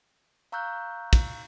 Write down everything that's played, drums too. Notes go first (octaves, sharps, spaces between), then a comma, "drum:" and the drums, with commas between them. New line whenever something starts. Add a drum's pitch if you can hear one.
F5 A#5 C#6 E6 F#6 G6
drum: kick, cymbal